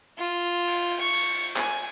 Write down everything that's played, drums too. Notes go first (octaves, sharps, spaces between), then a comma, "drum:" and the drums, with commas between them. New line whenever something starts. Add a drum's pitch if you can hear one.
F4
drum: cymbal
drum: cymbal
C#6
drum: cymbal
drum: cymbal
G#5, drum: clap